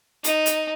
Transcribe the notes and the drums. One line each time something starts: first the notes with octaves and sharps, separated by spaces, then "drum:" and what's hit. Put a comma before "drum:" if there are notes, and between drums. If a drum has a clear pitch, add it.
D#4, drum: hi-hat
drum: hi-hat